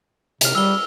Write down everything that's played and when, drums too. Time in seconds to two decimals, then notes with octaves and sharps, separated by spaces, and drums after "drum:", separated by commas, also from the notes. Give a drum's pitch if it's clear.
0.41 C3 F6 F7, drum: hi-hat
0.55 G3 E6 G7